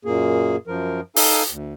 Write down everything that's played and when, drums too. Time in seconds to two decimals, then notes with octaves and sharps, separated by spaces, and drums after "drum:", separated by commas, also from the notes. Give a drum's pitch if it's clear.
0.05 F#2 A#2 A#3 G#4
0.67 F#2 F3 A#4
1.16 D#4 A4 F5 G#5, drum: open hi-hat
1.50 D2